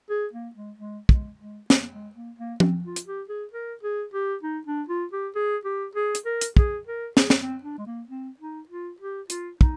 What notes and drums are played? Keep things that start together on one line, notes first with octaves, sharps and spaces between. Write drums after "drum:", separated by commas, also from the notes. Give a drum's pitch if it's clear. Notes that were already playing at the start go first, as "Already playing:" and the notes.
G#4
A#3
G#3
G#3
G#3, drum: kick
G#3
A#3, drum: snare
G#3
A#3
A#3
C4, drum: tom F3
F4
drum: hi-hat
G4
G#4
A#4
G#4
G4
D#4
D4
F4
G4
G#4
G4
G#4
drum: hi-hat
A#4
drum: hi-hat
G#4, drum: kick
A#4
G#4, drum: snare
drum: snare
C4
D4
G#3
A#3
C4
D#4
F4
G4
F4, drum: hi-hat
D#4, drum: kick